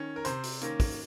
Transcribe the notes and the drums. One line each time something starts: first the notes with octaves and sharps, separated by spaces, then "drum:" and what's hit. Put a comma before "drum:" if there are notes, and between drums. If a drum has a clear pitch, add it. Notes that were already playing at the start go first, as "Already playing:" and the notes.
Already playing: D#3 C#4
A#4
C3 C5, drum: hi-hat
drum: open hi-hat
D#3 A#3 C#4, drum: hi-hat
drum: kick, open hi-hat